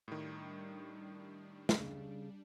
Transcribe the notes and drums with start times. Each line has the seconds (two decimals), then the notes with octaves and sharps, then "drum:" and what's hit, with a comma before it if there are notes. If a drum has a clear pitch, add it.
0.08 A2 D#3 G3 D4
1.69 C#3, drum: snare